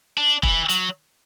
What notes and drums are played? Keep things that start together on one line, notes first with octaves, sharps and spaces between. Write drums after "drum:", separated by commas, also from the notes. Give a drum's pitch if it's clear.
D4
E3, drum: kick
F#3, drum: hi-hat